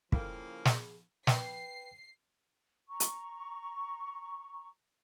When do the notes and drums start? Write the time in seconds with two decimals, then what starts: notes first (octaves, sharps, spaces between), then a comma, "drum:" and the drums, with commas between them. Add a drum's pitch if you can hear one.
0.12 C#3 F3 A#3 E4 A4 G5, drum: kick
0.65 G#4, drum: snare
1.27 B4 G5 C7, drum: snare
2.89 A#5 C#6
3.00 drum: hi-hat